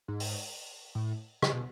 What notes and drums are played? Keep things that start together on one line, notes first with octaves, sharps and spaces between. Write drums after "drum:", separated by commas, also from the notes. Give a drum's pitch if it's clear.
G#2
drum: open hi-hat
A2
C#3, drum: rim click
B2